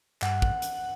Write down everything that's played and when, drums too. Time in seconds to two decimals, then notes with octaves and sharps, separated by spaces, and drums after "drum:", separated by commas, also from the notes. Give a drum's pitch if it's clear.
0.22 G2 F#5, drum: clap
0.42 drum: kick
0.62 drum: hi-hat